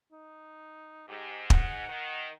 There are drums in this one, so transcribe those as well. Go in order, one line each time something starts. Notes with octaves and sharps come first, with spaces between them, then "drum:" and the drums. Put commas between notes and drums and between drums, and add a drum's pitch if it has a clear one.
D#4
G#2 G4
F#5, drum: kick
D#3